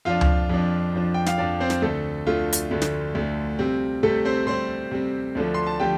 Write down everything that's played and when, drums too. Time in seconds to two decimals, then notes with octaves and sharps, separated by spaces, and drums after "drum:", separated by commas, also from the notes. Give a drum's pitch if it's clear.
0.05 F2 F3 D4 F4 F5
0.21 drum: tom C#2
0.49 F2 F3 D4
0.94 F2 F3 D4
1.14 G5
1.26 F5, drum: snare
1.38 F2 F3 D4 D5
1.60 C4 C5
1.70 drum: snare
1.82 D2 D3 A3 A4
2.27 D2 D3 A3 F4
2.53 drum: hi-hat
2.71 D2 D3 A3
2.82 drum: snare
3.15 D2 D3 A3
3.59 C3 G3 C4
4.03 C3 G3 A3 C4 A4
4.25 C4 C5
4.47 C3 G3 C4 C5 C6
4.91 C3 G3 C4
5.35 D2 D3 F3 A3 D4
5.54 C6
5.67 A5
5.80 D3 F3 A3 D4 G4 G5